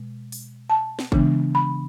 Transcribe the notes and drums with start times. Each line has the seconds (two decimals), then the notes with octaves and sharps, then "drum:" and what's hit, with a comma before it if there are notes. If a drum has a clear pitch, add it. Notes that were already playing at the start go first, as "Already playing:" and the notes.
Already playing: B2 G#3
0.32 drum: open hi-hat
0.70 A5
0.99 drum: snare
1.12 C#3 E3 G#3 B3 D4, drum: kick G1
1.55 B5